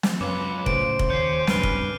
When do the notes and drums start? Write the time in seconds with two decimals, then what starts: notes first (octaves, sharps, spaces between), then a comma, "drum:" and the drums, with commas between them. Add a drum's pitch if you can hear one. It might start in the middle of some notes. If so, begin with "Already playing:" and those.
0.03 drum: snare
0.21 F#2 C#4 F4 B4 D6
0.66 A2 C#3 C5 D7, drum: kick F1
0.99 drum: kick F1
1.10 D#2 C#4 G6 C7
1.47 C#2 G2 B4 F6 D#7, drum: snare
1.63 drum: kick F1